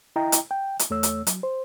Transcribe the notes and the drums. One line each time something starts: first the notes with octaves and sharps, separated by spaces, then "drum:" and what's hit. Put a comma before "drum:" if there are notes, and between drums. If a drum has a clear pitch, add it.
E4 D#5 G5 A#5
drum: hi-hat
G5
drum: hi-hat
E2 A3 C#5 E6
drum: hi-hat
F#3, drum: hi-hat
C5